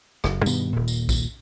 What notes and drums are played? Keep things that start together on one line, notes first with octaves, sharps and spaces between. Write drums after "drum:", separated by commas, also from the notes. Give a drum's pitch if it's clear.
F#1, drum: rim click
G2 B2 D#3 B3, drum: tambourine
D#1 A#2
drum: tambourine
drum: kick B1, tambourine